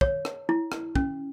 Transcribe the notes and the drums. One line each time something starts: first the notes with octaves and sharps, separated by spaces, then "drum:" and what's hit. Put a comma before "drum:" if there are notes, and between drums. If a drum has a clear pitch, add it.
C#5, drum: kick
drum: rim click
E4
drum: rim click
C#4, drum: kick